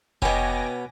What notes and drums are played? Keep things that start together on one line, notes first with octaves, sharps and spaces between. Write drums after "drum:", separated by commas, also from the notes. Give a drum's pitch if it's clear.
B2 B3 C#4 D#5 G5 G#5 D6 A#6, drum: kick F1